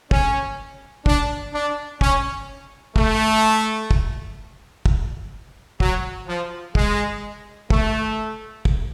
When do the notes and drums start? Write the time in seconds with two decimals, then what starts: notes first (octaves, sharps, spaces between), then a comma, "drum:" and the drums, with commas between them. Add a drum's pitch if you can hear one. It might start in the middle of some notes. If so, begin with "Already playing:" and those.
0.11 C#4, drum: kick
1.06 D4, drum: kick
1.53 D4
2.01 C#4, drum: kick
2.96 A3, drum: kick
3.91 drum: kick
4.86 drum: kick
5.80 F#3, drum: kick
6.28 F3
6.75 G#3, drum: kick
7.70 A3, drum: kick
8.65 drum: kick